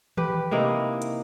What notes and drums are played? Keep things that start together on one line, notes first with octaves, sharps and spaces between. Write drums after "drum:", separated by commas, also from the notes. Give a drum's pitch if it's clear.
G4 B4, drum: tom D#3
C3 A#3 D#4 E4
drum: hi-hat